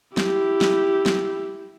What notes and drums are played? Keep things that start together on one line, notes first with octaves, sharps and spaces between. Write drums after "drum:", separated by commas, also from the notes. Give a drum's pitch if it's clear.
E4 G4, drum: snare
drum: snare
drum: snare